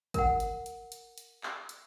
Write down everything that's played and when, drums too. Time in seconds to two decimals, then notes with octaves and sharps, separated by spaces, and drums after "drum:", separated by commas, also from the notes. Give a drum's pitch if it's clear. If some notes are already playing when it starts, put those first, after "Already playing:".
0.14 A#4 F#5, drum: kick, hi-hat
0.40 drum: hi-hat
0.66 drum: hi-hat
0.92 drum: hi-hat
1.18 drum: hi-hat
1.43 drum: clap
1.69 drum: hi-hat